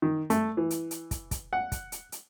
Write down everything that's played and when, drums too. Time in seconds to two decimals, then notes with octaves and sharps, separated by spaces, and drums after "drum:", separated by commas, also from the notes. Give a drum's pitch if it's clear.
0.02 D#3
0.30 A3, drum: hi-hat
0.57 E3
0.70 drum: hi-hat
0.91 drum: hi-hat
1.11 drum: kick, hi-hat
1.31 drum: kick, hi-hat
1.53 F#5
1.72 drum: kick, hi-hat
1.92 drum: hi-hat
2.12 drum: hi-hat